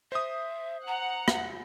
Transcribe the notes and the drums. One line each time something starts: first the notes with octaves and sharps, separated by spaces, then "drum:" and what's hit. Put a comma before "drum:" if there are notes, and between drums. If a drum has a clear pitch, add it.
C5 E5 D#6
F#5 A#5
drum: rim click